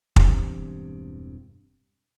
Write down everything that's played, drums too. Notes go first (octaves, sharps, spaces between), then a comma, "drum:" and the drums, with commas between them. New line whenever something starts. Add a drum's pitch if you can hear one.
E1 E2 G2 C3, drum: kick